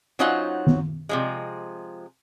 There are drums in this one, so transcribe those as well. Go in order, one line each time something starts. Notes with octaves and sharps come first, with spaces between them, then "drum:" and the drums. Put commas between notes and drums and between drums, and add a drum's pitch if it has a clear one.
F#3 C#4 D#4 F4 C5 F#5
drum: tom D#3
C3 F3 G#3